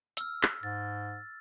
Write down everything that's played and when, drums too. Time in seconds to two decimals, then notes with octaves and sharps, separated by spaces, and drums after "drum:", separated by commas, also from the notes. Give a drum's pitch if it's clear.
0.17 E6 F6, drum: hi-hat
0.43 drum: clap
0.63 G#2 A6